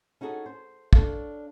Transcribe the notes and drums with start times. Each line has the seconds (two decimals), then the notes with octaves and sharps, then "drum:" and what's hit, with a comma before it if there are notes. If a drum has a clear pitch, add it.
0.21 C#4 D#4 F#4 G#4 A4
0.46 C5
0.93 D4 A4 C#5 F5, drum: kick